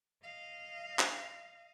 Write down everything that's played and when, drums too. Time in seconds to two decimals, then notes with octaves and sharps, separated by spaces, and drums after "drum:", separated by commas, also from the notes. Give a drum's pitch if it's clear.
0.23 D#5 F5
0.99 drum: clap